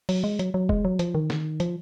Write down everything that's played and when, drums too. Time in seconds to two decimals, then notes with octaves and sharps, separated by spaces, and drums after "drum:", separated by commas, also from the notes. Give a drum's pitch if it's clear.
0.09 F#3, drum: open hi-hat
0.24 G#3
0.39 F#3, drum: hi-hat
0.54 F#3
0.69 G#3, drum: kick
0.85 F#3
0.99 F3, drum: hi-hat
1.15 D#3
1.30 drum: snare
1.60 F3, drum: hi-hat